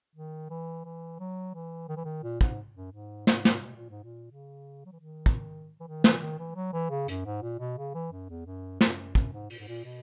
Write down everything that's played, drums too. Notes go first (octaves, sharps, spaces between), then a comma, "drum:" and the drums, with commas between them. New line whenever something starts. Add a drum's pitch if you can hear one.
D#3
E3
E3
F#3
E3
D#3
E3
D#3
A#2
G#2, drum: kick
F#2
G#2
G#2, drum: snare
drum: snare
B2
A#2
G#2
A#2
C#3
F#3
E3
D#3
drum: kick
E3
D#3
E3, drum: snare
E3
D#3
E3
F#3
E3
C#3
F#2, drum: hi-hat
G#2
A#2
B2
C#3
E3
F#2
E2
F#2
F#2, drum: snare
F#2, drum: kick
G#2
A#2, drum: open hi-hat
G#2
A#2
B2